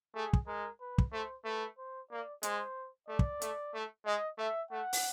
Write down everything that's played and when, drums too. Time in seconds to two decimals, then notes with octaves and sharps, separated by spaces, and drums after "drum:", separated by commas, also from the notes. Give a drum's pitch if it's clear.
0.15 A3 G#4
0.33 drum: kick
0.47 G#3 A#4
0.81 B4
0.98 drum: kick
1.13 A3 C5
1.45 A3 B4
1.78 C5
2.11 A#3 D5
2.43 G#3 C5, drum: hi-hat
3.08 A3 D5
3.19 drum: kick
3.42 A3, drum: hi-hat
3.74 A3
4.06 G#3 D#5
4.38 A3 E5
4.71 A3 F#5
4.93 drum: open hi-hat